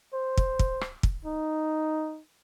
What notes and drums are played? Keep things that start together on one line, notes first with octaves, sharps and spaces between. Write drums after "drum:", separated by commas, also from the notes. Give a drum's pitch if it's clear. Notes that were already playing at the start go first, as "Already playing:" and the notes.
C5
drum: kick
drum: kick
drum: rim click
drum: kick
D#4